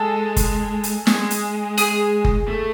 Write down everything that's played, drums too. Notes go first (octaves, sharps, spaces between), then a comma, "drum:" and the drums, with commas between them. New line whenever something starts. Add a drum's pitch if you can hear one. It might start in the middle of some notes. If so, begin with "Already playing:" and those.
Already playing: G#3 A4
drum: kick F#1, hi-hat
drum: hi-hat
G#3, drum: snare
drum: hi-hat
G#4, drum: hi-hat
drum: kick F#1
A3